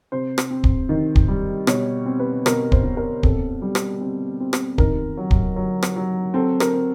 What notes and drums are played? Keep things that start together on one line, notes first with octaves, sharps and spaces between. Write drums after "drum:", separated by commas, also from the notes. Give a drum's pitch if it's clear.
C3 C5
drum: rim click
C4
drum: kick
D#3
drum: kick
G3
B2 C#5, drum: rim click
C4
B4
B2 A#4, drum: rim click
C5, drum: kick
B2
A#4
C4 A4, drum: kick
G3
drum: rim click
C4
C4
drum: rim click
D#3 A#4, drum: kick
F#3
drum: kick
F#3
drum: rim click
F#3
C4 A4
A#4, drum: rim click
C4